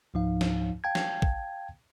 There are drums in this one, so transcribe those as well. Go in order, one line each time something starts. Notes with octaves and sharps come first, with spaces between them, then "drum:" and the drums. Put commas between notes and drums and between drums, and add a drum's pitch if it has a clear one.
C#2 G#2 F3 D#4 F5
drum: snare
F5 G5 A5 G#6
drum: snare
drum: kick